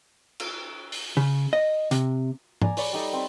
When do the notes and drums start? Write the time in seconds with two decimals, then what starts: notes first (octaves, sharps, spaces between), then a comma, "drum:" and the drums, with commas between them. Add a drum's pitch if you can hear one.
0.40 drum: cymbal
0.92 drum: open hi-hat
1.17 C#3
1.53 D#5
1.91 C3, drum: hi-hat
2.62 D5 G#5 A#5, drum: tom G#2
2.77 C#5 D5 B5 C#6, drum: open hi-hat
2.93 G3 D#4 A4
3.13 C4 B5